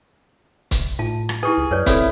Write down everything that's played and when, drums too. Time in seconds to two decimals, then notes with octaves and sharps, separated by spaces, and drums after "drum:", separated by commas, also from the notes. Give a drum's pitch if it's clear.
0.71 drum: kick C#1, hi-hat
0.99 A2 F4 A5
1.29 drum: rim click
1.43 E4 G4 G#4 B4
1.58 C#2
1.71 F#2 B4 C#5 D5
1.86 C4 E4 A4 B4 C#5, drum: kick C#1, hi-hat